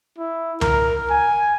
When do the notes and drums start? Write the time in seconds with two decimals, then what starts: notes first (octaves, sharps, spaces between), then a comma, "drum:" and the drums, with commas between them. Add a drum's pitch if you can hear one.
0.18 E4
0.61 A#4, drum: tom C#2
1.10 G#5